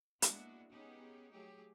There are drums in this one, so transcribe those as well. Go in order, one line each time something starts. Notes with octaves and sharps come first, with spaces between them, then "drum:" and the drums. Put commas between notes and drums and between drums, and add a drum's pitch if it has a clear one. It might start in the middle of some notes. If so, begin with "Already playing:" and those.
G#3 A#3 B3 D4 E4 F#4, drum: hi-hat
B3 C#4 D#4 G4 G#4
F#3 A3 G4 G#4